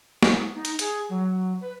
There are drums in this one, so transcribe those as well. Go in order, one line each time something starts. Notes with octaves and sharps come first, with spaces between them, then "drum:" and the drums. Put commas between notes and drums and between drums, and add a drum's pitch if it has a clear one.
B3, drum: snare
D#4
drum: hi-hat
G#4, drum: hi-hat
F#3
B4